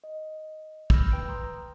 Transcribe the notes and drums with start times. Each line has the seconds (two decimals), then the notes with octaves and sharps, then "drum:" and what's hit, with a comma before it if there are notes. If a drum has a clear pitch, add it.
0.04 D#5
0.90 B5 E6 F6 G6 A#6, drum: kick
1.12 B4 G5 E6 G6 D7
1.29 A#5 C6 D#6